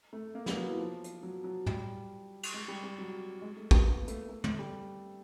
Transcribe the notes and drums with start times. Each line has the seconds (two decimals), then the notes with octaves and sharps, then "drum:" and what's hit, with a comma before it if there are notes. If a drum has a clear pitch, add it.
0.13 A3
0.35 A#3
0.46 B3, drum: snare
0.57 F#3
0.68 E3
0.79 F3
1.04 drum: hi-hat
1.23 F#3
1.44 F#3
1.66 G3, drum: tom
2.43 drum: cymbal
2.54 G#3
2.68 G3
2.84 G3
2.98 F#3
3.42 G#3
3.56 A3
3.71 B3, drum: kick
3.86 A#3
4.08 A3, drum: hi-hat
4.29 A3
4.44 A3, drum: tom
4.59 G3